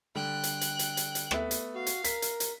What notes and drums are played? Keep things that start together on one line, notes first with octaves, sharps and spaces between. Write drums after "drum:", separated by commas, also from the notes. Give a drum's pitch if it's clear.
D3 G3 G5 F#6
drum: hi-hat
drum: hi-hat
drum: hi-hat
drum: hi-hat
drum: hi-hat
A3 B3 E5, drum: rim click
drum: hi-hat
F#4 F5
drum: hi-hat
A#4 B6, drum: hi-hat
drum: hi-hat
drum: hi-hat